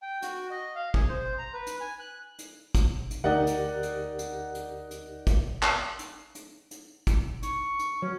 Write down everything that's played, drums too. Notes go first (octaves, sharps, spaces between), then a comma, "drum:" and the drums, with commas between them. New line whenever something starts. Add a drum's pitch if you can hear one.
G5
F#4, drum: hi-hat
D#5
F5
G#4, drum: kick
C5
A#5
B4
drum: hi-hat
G#5
F#6
drum: hi-hat
drum: kick, hi-hat
drum: hi-hat
D2 D#4 G4 A#4 D5 F#5
drum: hi-hat
drum: hi-hat
drum: hi-hat
drum: hi-hat
drum: hi-hat
drum: kick, hi-hat
drum: clap
drum: hi-hat
drum: hi-hat
drum: hi-hat
drum: kick, hi-hat
C#6, drum: hi-hat
drum: hi-hat
F#3 C#4